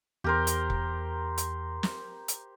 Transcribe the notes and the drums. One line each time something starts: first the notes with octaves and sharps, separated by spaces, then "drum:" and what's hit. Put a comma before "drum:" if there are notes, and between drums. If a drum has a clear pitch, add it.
E2 G4 A#4 C5
drum: hi-hat
drum: kick
drum: hi-hat
drum: snare
drum: hi-hat